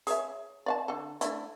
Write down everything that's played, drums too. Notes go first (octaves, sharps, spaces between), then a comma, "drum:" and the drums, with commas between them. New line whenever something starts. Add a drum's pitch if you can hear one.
G#4 C#5 E5, drum: open hi-hat
D5 F5 A5
D3 A4
A3 D4 E4, drum: hi-hat